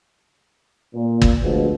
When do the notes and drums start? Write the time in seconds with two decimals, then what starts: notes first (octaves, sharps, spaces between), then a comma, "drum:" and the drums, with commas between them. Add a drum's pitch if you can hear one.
0.95 A#2
1.22 drum: kick
1.42 D2 B2 F3 G#3